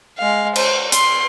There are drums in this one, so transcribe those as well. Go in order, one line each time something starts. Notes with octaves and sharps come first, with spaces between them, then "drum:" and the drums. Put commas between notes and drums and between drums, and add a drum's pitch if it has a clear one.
G#3 F5
C5, drum: cymbal
C6, drum: hi-hat